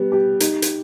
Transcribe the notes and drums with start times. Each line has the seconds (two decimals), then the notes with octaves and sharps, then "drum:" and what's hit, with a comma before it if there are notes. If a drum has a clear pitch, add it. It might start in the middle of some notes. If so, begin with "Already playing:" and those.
Already playing: G3 B3
0.12 G4
0.40 D#4, drum: hi-hat
0.62 drum: hi-hat